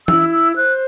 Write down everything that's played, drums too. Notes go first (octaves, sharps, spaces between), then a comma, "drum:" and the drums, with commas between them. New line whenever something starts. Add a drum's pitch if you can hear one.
E4 E6, drum: tom E3
E6
C5 F#6